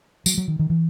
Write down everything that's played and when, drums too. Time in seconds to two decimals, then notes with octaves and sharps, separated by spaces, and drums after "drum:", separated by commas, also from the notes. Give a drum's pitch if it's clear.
0.26 F#3, drum: tambourine
0.38 F#3
0.48 D#3
0.59 D#3
0.70 E3